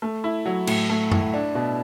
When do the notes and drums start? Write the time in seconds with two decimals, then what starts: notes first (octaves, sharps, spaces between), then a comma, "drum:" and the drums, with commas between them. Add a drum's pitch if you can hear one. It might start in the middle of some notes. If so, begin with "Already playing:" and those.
0.02 A3
0.24 E4
0.46 F#3
0.67 A2, drum: cymbal
0.90 A3
1.12 E4, drum: tom F#2
1.34 D4
1.55 B2